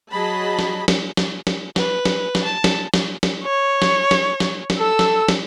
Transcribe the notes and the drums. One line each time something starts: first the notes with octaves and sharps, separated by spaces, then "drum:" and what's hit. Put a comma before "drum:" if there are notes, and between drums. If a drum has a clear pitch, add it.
F#3 G#4 D#5 A5 B5
drum: snare
drum: snare
drum: snare
drum: snare
B4, drum: snare
drum: snare
drum: snare
A5
drum: snare
drum: snare
drum: snare
C#5
drum: snare
drum: snare
drum: snare
drum: snare
A4 E6
drum: snare
drum: snare